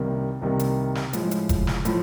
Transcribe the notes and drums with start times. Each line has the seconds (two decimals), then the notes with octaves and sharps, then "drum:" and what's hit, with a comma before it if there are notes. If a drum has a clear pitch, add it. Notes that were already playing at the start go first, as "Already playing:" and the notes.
Already playing: C2 C3 D#3 G3 A#3
0.42 C2 C3 D#3 G3 A#3
0.59 drum: hi-hat
0.95 drum: snare
1.13 A2 F3 G#3, drum: hi-hat
1.31 drum: hi-hat
1.49 drum: kick F1, hi-hat
1.67 drum: snare
1.85 A2 F3, drum: hi-hat